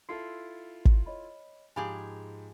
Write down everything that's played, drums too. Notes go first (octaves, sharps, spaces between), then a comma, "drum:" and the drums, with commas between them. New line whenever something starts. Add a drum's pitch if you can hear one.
E4 F4 A4 C6 C7
drum: kick
C#5 D#5 B5
G#2 F3 G4 G#4 G#5 B5 F7